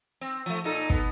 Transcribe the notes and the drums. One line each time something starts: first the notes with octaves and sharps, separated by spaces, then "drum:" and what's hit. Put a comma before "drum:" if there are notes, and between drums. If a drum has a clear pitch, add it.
C4
F3 A3
A#2 D#4 A4
B3, drum: kick